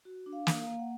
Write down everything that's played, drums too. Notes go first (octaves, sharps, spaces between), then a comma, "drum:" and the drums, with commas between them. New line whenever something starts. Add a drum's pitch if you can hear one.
F#4
D4
F5
A#3, drum: snare
F5
A#3
F#5